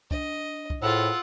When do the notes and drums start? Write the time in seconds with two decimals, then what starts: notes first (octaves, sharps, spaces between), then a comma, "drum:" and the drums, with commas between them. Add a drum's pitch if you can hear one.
0.11 D4 D#5, drum: kick
0.70 drum: kick
0.82 A2 F4 G#4 A4 C5 F#5 E6